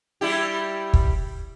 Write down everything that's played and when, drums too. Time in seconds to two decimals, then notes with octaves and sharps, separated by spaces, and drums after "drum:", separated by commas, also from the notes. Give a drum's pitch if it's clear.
0.21 G3 E4 G4
0.94 drum: kick